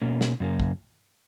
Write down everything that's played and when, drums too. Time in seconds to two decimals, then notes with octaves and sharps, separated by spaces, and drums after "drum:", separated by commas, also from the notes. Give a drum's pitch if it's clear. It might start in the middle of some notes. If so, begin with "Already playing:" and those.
0.02 B2 A#3 C#4
0.21 drum: snare
0.40 F#2 C#3 A#3
0.60 drum: kick